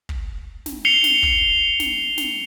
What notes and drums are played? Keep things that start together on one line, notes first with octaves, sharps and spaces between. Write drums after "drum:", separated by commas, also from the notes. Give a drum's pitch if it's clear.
drum: kick
drum: snare
C7 C#7 F7 G7
drum: snare
drum: kick
drum: snare
drum: snare